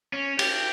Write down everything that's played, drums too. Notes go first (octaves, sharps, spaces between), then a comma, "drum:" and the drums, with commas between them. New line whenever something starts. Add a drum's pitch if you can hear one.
C#4
G4, drum: cymbal